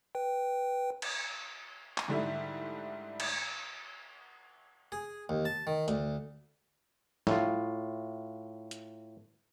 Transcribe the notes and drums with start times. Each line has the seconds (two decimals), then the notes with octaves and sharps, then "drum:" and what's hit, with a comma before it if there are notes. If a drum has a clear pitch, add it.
0.15 B4 G5
1.02 drum: cymbal
1.98 drum: clap
2.08 G#2 D3 G3 A3 E4 G4
3.20 drum: cymbal
4.92 G#4
5.29 D#2
5.45 A5
5.67 D#3
5.88 D2, drum: hi-hat
7.27 A2 F4, drum: snare
8.71 drum: hi-hat